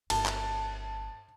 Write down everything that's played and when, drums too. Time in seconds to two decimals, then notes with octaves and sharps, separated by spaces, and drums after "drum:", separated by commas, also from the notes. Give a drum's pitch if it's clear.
0.10 G1 A5, drum: cymbal
0.26 drum: clap